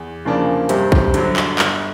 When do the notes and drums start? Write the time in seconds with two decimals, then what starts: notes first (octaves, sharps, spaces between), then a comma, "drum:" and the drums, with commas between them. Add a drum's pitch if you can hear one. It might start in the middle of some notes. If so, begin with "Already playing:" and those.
Already playing: E2
0.25 C#3 F3 A#3 D4
0.69 G2 C3, drum: hi-hat
0.92 drum: kick
1.14 D3 F#3, drum: hi-hat
1.36 drum: clap
1.59 G1, drum: clap